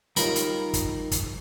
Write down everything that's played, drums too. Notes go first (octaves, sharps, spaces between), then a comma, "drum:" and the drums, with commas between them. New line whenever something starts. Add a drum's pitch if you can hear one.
D#3 G3 F4 A#4 D#5 B5, drum: hi-hat
drum: hi-hat
drum: kick, hi-hat
drum: kick, hi-hat